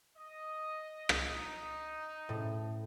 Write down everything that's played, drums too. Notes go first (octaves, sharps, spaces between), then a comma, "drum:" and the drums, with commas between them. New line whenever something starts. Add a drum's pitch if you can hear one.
D#5
drum: rim click
D#4
A2